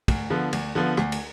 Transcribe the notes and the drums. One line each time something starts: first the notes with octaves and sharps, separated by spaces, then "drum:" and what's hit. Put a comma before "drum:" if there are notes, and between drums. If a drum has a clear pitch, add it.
D2, drum: kick, cymbal
D3 F3 B3
D2, drum: cymbal
D3 F3 B3
D2, drum: rim click
drum: cymbal